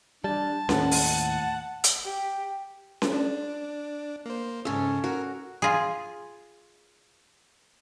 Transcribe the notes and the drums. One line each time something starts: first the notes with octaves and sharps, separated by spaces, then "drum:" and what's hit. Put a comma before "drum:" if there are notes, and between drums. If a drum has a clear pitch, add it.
G3 D4 A5
D#2 A2 F#5, drum: snare C#4
drum: open hi-hat
drum: hi-hat
G4
drum: snare C#4
D4
A#3 C5
G#2 C#3 C#4 A4
F#4 A#4
F4 G#4